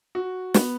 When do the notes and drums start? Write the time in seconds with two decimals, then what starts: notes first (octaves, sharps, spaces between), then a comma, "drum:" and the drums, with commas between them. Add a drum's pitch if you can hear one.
0.15 F#4
0.54 B3, drum: snare